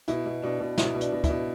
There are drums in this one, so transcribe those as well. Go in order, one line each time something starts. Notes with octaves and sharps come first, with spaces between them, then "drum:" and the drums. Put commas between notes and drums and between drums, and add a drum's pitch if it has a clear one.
B2 E4, drum: hi-hat
B2
B2 D4
B2
B2 E4, drum: snare
B2
D4, drum: hi-hat
B2
E4, drum: kick, hi-hat
B2